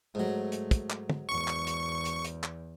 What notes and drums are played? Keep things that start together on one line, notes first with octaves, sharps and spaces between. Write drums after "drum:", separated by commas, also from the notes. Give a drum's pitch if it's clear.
G#2 F#3 A3
drum: hi-hat
drum: kick, hi-hat
drum: clap
drum: tom
E2 C#6
drum: clap
drum: hi-hat
drum: hi-hat
drum: hi-hat
drum: clap